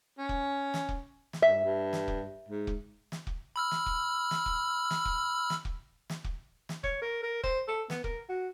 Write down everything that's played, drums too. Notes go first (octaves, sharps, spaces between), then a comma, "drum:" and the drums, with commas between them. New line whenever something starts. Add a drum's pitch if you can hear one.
C#4
drum: kick
drum: snare
drum: kick
drum: snare
G2 E5
G2
drum: snare
drum: kick
G#2
drum: kick
drum: snare
drum: kick
B5 E6 F6
drum: snare
drum: kick
drum: snare
drum: kick
drum: snare
drum: kick
drum: snare
drum: kick
drum: snare
drum: kick
drum: snare
C#5, drum: kick
A#4
A#4
C5, drum: kick
A4
B3, drum: snare
A#4, drum: kick
F#4